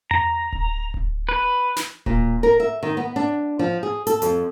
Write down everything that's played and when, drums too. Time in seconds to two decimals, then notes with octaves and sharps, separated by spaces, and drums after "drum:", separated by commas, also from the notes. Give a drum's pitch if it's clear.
0.11 A#5, drum: tom E2
0.52 drum: kick D1
0.94 drum: kick D1
1.29 B4
1.76 drum: snare
2.06 A#2, drum: kick D1
2.43 A#4
2.60 E5
2.83 D#3
2.97 B3
3.16 D4
3.59 F3
3.83 G#4
4.07 A4, drum: hi-hat
4.22 F2, drum: hi-hat